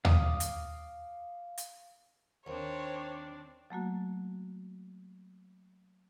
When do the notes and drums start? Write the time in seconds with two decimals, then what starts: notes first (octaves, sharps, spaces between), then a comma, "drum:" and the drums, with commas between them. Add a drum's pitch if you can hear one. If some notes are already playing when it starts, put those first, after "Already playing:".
0.05 F5 D6 D#6, drum: tom D#2
0.40 drum: hi-hat
1.58 drum: hi-hat
2.47 D#2 C4 D4 C5 C#5
3.70 F#3 A3 A#3 F#4